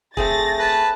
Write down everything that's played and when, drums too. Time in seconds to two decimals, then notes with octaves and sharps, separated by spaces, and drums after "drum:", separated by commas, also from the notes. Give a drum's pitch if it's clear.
0.17 A3 C4 G#4 A6 A#6, drum: kick
0.59 B4 A5